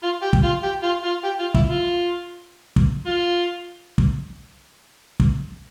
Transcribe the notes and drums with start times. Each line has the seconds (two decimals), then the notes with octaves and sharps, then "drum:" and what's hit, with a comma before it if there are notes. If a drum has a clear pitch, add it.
0.03 F4
0.22 G4
0.33 drum: kick
0.44 F4
0.63 G4
0.83 F4
1.04 F4
1.24 G4
1.39 F4
1.54 E4, drum: kick
1.70 F4
2.76 drum: kick
3.06 F4
3.98 drum: kick
5.20 drum: kick